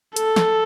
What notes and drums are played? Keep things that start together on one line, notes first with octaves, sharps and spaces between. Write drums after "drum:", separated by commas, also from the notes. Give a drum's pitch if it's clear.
A4, drum: hi-hat
drum: snare